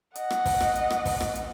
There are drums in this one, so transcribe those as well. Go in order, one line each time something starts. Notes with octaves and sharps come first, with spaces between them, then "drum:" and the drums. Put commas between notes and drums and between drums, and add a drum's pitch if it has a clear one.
D#5 F#5, drum: hi-hat
drum: rim click
drum: kick, open hi-hat
drum: rim click
drum: hi-hat
drum: rim click
drum: kick, open hi-hat
drum: rim click
drum: hi-hat